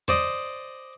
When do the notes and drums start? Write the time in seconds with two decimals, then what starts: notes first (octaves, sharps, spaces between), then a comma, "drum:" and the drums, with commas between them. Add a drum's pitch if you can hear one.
0.08 C5 D5 D#5, drum: tom E2